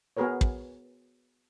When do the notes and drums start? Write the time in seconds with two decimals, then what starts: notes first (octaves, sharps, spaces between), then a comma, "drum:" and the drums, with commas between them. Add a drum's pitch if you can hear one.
0.17 B3 F#4 G#4 A#4 B4 C#5
0.41 drum: kick